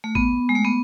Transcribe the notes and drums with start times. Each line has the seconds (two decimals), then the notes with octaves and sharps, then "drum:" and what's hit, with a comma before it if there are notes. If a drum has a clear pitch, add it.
0.04 A3
0.15 B3, drum: kick G#1
0.49 G#3
0.55 A3
0.65 B3